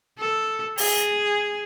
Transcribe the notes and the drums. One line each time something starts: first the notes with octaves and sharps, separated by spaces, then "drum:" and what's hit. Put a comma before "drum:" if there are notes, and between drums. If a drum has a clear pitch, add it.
A4
G#4, drum: open hi-hat